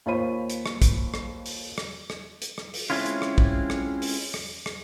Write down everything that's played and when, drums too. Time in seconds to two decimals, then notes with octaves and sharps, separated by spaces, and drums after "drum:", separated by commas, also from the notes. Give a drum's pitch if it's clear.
0.06 D#2 F4 C5 C#5 B5 D#7
0.50 drum: hi-hat
0.66 drum: rim click
0.82 drum: kick, hi-hat
1.14 drum: rim click
1.46 drum: open hi-hat
1.78 drum: rim click
2.10 drum: rim click
2.42 drum: hi-hat
2.58 drum: rim click
2.74 drum: open hi-hat
2.90 G#3 C4 C#4 E4 F4
3.06 drum: hi-hat
3.22 drum: rim click
3.38 drum: kick
3.70 drum: rim click
4.02 drum: open hi-hat
4.34 drum: rim click
4.66 drum: rim click